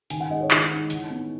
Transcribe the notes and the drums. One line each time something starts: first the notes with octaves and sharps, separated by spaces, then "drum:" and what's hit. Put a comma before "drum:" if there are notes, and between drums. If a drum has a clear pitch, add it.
D#3 G#5, drum: hi-hat
F#5
G#3 D#4 D#5
C#5
D#3, drum: clap
G#3 D#4
E3, drum: hi-hat
B3 D#4